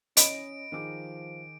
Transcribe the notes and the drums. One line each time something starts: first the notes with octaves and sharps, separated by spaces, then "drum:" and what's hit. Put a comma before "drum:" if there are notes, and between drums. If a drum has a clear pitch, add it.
C#4 D#5 B5 D7, drum: hi-hat
D#3 F3 G#4 D6